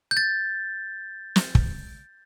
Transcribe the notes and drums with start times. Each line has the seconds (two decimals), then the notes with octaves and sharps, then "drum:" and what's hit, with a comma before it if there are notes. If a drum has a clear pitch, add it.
0.11 G6
0.17 A6
1.36 drum: snare
1.55 drum: kick